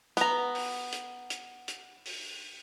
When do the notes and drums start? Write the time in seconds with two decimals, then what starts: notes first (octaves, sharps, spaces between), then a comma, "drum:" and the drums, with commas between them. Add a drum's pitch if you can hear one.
0.17 B3 A#5, drum: hi-hat
0.55 drum: open hi-hat
0.92 drum: hi-hat
1.30 drum: hi-hat
1.68 drum: hi-hat
2.05 drum: open hi-hat